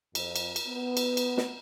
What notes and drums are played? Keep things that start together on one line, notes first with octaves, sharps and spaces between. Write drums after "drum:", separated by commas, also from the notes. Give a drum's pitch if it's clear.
F2, drum: cymbal
drum: cymbal
drum: cymbal
B3
drum: cymbal
drum: cymbal
drum: snare